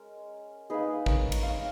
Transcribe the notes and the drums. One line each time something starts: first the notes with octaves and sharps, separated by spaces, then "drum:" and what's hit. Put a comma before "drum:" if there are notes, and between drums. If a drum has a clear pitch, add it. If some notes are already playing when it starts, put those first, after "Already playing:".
Already playing: G#3 C#4 A#4
A#3 D#4 G#4 B4
A#4 C#5, drum: kick A1
drum: cymbal
C#5 F5